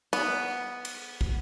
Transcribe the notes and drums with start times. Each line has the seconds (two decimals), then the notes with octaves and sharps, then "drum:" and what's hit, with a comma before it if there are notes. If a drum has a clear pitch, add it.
0.13 B3, drum: cymbal
0.85 drum: cymbal
1.21 drum: kick